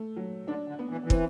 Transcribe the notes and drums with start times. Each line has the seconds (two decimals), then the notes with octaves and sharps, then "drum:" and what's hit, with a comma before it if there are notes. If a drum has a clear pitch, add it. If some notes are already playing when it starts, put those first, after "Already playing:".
Already playing: A3
0.16 F#3
0.48 D3 D4
0.68 D3
0.79 B3
0.89 E3
1.04 E3
1.10 C4, drum: kick